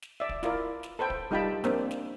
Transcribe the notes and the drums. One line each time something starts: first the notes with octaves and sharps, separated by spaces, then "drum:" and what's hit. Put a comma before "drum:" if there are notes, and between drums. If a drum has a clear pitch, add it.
drum: snare
D5 E5
drum: kick
E4 F4 A#4 D5, drum: snare
drum: snare
A4 B4 C5 G5
drum: kick
G3 D#4 F4 G5 A5 B5
A#3 C4 D4, drum: snare
drum: snare